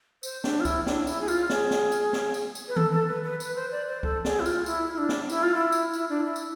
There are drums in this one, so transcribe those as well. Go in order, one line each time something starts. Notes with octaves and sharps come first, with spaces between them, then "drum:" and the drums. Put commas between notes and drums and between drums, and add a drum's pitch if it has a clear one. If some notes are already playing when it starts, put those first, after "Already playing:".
C5, drum: tambourine
D4, drum: snare
F4
E4, drum: kick C#2, tambourine
D4, drum: snare
E4, drum: tambourine
G#4
F4, drum: tambourine
G#4, drum: snare
drum: snare
drum: tambourine
drum: snare
drum: tambourine
drum: tambourine
B4
A4, drum: tom D#3
A4
B4
B4
B4, drum: tambourine
C5
D5
C5
A4, drum: kick C#2
G#4, drum: snare
E4
F4, drum: tambourine
E4, drum: tambourine
E4
D4
drum: snare
E4, drum: tambourine
F4
E4
drum: tambourine
E4, drum: tambourine
D4
E4
drum: tambourine